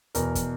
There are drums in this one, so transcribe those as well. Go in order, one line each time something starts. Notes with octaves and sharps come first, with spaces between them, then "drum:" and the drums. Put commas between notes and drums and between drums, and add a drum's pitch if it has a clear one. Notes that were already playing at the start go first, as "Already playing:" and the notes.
E2 B2 A#4, drum: hi-hat
drum: kick, hi-hat